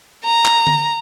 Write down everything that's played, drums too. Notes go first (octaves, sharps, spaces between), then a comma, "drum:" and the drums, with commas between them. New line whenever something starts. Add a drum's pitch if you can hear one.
A#5
drum: clap
drum: tom D3